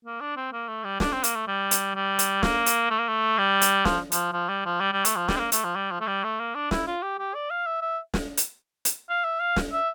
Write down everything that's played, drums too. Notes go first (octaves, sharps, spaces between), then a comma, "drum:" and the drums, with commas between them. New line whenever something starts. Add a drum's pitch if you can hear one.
A#3
D4
C4
A#3
A3
G3
D4, drum: snare
C4
A#3, drum: hi-hat
A3
G3
drum: hi-hat
G3
drum: hi-hat
A#3, drum: snare
drum: hi-hat
A3
A#3
A3
G3
drum: hi-hat
F3, drum: snare
F3, drum: hi-hat
F3
G3
F3
G3
G3
A3, drum: hi-hat
F3
G3, drum: snare
C4
A#3
A3, drum: hi-hat
F3
G3
F3
A3
G3
A3
A#3
D4
E4, drum: snare
F4
G4
G4
D5
F5
E5
E5
drum: snare
drum: hi-hat
drum: hi-hat
F5
E5
F5
drum: snare
E5